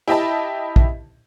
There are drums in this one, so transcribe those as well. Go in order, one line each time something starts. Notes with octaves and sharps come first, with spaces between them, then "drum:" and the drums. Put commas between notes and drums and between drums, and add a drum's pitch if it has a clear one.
E4 G4 D#5 E5 A5 B5
drum: kick